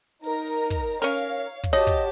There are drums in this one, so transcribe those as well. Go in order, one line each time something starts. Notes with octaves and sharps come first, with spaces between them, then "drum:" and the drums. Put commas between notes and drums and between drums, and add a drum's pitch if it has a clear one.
D#4 A#4 A#5, drum: hi-hat
drum: hi-hat
drum: kick, open hi-hat
C#4 A#4 C#5 F5
drum: hi-hat
drum: kick, hi-hat
F#4 G4 C#5 D#5 A5
drum: kick, hi-hat